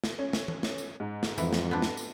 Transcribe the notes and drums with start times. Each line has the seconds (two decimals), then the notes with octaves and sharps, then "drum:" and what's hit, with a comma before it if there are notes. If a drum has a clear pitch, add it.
0.04 drum: snare
0.19 C#4
0.33 drum: snare
0.48 drum: tom E3
0.63 drum: snare
0.78 drum: tambourine
1.00 G#2
1.23 drum: snare
1.38 F2 E3, drum: tambourine
1.53 drum: snare
1.71 B3 C4 D4
1.82 drum: snare
1.97 drum: tambourine